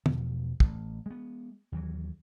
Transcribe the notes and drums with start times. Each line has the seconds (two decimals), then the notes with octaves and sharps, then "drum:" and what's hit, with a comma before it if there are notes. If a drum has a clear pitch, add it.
0.06 E2 B2 F3, drum: tom
0.60 A1, drum: kick
1.06 G#3 B3
1.72 D#2 E3 F#3